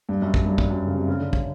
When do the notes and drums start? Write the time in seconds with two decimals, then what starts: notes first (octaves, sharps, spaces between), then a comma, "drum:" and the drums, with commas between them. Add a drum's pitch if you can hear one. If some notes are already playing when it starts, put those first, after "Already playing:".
0.09 G2
0.22 F#2
0.34 G2, drum: kick
0.46 G2
0.58 G2, drum: kick
0.71 F#2
0.87 C#3
0.95 C3
1.08 C#3
1.20 D3
1.33 C#3, drum: kick